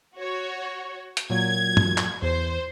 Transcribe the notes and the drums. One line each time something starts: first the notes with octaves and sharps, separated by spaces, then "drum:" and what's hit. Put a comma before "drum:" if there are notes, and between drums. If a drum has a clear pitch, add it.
F#4 C#5
drum: hi-hat
A#2 F#3 G#6
drum: tom G2
drum: clap
E2 C5